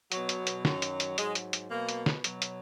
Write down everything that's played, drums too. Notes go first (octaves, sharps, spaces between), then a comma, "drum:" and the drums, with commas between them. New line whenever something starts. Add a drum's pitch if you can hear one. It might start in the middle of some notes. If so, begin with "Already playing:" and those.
B2 F#3, drum: hi-hat
drum: hi-hat
drum: hi-hat
F#2 D#3 F#3, drum: snare
drum: hi-hat
drum: hi-hat
G#2 F#3 G#3, drum: hi-hat
drum: hi-hat
drum: hi-hat
B2 F#3 A#3
drum: hi-hat
drum: snare
B2 F#3, drum: hi-hat
drum: hi-hat